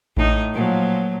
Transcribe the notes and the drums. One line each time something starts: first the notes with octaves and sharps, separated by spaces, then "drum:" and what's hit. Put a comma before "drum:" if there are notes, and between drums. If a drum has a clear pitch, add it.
A2 D#4, drum: kick A1
A#2 F3 F#3